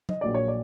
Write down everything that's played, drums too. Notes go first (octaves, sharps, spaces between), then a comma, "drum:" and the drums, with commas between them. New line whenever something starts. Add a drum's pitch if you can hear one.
D#5, drum: tom
A#1 A#2 F#3 D5
C#5
D5